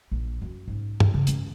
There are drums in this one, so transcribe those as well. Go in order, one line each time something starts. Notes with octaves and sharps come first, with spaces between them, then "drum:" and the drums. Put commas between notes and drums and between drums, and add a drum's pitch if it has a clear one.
A#1
F#2
G#2 C#4
drum: tom
C#3
G#3 C#4, drum: hi-hat